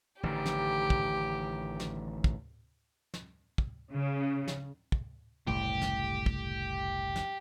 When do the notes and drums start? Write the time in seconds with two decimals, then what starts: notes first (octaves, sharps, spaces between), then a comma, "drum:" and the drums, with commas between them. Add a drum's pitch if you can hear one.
0.23 A1 D3 D#3 G4
0.46 drum: snare
0.90 drum: kick
1.80 drum: snare
2.24 drum: kick
3.14 drum: snare
3.58 drum: kick
3.93 C#3
4.48 drum: snare
4.92 drum: kick
5.47 F#1 C2 A2 G4
5.82 drum: snare
6.26 drum: kick
7.16 drum: snare